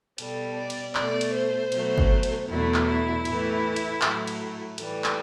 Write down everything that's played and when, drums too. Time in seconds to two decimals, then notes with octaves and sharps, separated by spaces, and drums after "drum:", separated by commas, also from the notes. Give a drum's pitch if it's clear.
0.18 B2 G3 A4, drum: cymbal
0.57 D5
0.70 drum: cymbal
0.95 B2 A3 D5, drum: clap
1.21 drum: cymbal
1.34 C5
1.72 B2 F#3 A3, drum: cymbal
1.98 drum: kick
2.23 drum: cymbal
2.49 E2 B2 F#3 A3 E4
2.74 drum: clap
2.87 E4
3.25 A2 E3 A3, drum: cymbal
3.76 drum: cymbal
4.01 A2 F#3 A3, drum: clap
4.27 drum: cymbal
4.78 A2 E3 G3 A4, drum: cymbal
5.04 drum: clap